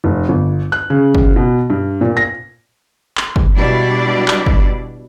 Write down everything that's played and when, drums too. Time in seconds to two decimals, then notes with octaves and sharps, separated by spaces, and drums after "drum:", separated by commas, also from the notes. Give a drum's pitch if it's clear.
0.04 F1
0.29 G1
0.72 F#6
0.90 C#3
1.15 drum: kick
1.36 B2
1.70 G2
2.01 A#2
2.17 A#6
3.17 drum: clap
3.36 drum: kick
3.56 B2 G3 D4 E4 D5
4.28 drum: clap
4.46 drum: kick